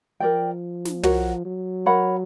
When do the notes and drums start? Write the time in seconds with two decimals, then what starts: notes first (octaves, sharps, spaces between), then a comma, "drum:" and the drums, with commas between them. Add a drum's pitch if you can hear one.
0.20 F3 A#4 D5 G5
0.85 drum: snare
1.03 F#4 A#4 C#5 F#5, drum: tom
1.46 F#3
1.86 A#4 C#5 F#5 B5